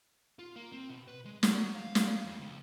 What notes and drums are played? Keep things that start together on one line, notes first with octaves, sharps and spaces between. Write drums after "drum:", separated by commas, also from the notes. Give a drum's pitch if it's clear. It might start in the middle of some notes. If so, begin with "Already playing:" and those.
F4
A#3
C4
B2
B4
G#3
F#3, drum: snare
F5
F5, drum: snare
F2
C#2